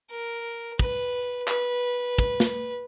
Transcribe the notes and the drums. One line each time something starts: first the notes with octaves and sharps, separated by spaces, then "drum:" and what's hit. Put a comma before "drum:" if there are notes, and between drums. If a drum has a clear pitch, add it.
A#4
B4, drum: kick
B4, drum: clap
drum: kick
drum: snare